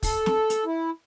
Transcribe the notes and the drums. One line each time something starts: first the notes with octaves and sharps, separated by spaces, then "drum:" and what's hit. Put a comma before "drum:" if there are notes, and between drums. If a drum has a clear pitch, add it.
A4, drum: kick, open hi-hat
drum: snare
drum: hi-hat
E4